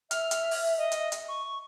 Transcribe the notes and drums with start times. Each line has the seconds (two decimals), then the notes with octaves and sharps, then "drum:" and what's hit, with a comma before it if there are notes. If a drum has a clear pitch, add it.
0.11 E5 F6, drum: hi-hat
0.31 drum: hi-hat
0.51 drum: open hi-hat
0.78 D#5
0.92 drum: hi-hat
1.12 drum: hi-hat
1.28 C#6